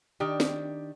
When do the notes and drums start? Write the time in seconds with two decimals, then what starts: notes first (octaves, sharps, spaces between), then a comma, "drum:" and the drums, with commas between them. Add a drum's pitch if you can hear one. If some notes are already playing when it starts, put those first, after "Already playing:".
0.20 D#3 D4 G4
0.40 drum: snare